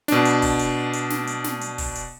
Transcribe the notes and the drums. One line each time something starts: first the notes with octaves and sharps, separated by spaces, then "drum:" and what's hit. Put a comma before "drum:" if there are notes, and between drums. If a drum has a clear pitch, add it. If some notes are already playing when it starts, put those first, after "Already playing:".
B2 D4, drum: snare
drum: hi-hat
drum: kick, open hi-hat
drum: hi-hat
drum: hi-hat
drum: snare
drum: hi-hat
drum: snare
drum: hi-hat
drum: kick, open hi-hat
drum: hi-hat